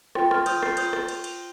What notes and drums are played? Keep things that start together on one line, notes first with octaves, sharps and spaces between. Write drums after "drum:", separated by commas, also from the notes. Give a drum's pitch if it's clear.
F4 C5 G5 C6, drum: rim click
C6 F6, drum: rim click
F4 C5 D#6 G6, drum: cymbal
G6 C7, drum: rim click
F4 C5 D#6 G6, drum: cymbal
drum: rim click
drum: cymbal
drum: cymbal